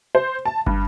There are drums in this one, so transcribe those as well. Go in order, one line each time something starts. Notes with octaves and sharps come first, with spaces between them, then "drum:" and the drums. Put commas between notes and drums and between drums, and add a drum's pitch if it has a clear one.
C5
A5
G2, drum: kick